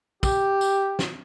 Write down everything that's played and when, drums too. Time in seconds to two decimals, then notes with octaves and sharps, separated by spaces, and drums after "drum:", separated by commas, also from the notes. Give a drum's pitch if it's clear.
0.23 G4, drum: kick, tambourine
0.61 drum: tambourine
0.99 drum: snare